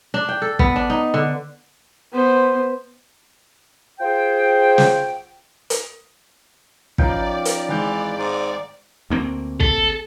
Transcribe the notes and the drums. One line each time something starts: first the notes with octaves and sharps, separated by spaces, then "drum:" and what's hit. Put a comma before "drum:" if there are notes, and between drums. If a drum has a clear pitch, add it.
D4
G5
A4
B3, drum: kick
D4
D#4
D3
B3 C5
F4 G#4 C5 G5
drum: snare
drum: hi-hat
F3 C#4 D#4 B4 D5 F5 G5, drum: kick
drum: hi-hat
G#1 E3 G#3 G6
G#2
D2 A#3 C4
A4, drum: kick